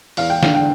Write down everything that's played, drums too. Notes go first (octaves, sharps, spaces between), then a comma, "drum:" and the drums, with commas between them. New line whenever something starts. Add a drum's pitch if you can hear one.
E2 F5, drum: open hi-hat
G5
D3 F5, drum: snare
G5